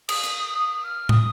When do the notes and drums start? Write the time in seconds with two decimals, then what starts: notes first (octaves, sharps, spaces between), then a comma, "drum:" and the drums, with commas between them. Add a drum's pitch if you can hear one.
0.09 D#6, drum: cymbal
0.23 drum: hi-hat
0.58 D#6
0.84 F6
1.09 D#6, drum: tom